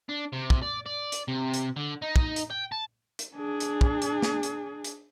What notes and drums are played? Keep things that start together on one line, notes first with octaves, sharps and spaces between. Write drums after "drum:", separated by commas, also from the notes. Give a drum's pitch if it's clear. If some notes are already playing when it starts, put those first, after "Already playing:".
D4
C3
drum: kick
D5
D5
drum: hi-hat
C3
drum: hi-hat
D3
D#4
drum: kick
drum: hi-hat
G5
A5
drum: hi-hat
D4 G#4
drum: hi-hat
drum: kick
drum: hi-hat
drum: snare
drum: hi-hat
drum: hi-hat